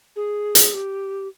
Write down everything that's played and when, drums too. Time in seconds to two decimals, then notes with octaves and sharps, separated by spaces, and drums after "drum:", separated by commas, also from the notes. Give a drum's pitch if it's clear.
0.16 G#4
0.55 drum: hi-hat
0.74 G4